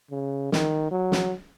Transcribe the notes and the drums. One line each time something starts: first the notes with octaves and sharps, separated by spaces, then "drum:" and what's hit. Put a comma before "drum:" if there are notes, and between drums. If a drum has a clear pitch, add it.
C#3
D#3, drum: snare
F#3
drum: snare